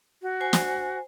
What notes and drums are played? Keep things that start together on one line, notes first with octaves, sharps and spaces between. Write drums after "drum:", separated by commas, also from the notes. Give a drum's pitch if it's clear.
F#4
C5 G#5
drum: snare